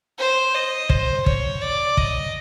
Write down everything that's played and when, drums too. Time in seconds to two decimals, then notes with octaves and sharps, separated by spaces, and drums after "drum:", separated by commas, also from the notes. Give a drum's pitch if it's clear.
0.19 C5
0.54 D#5
0.90 C5, drum: kick
1.26 C#5, drum: kick
1.62 D5
1.97 D#5, drum: kick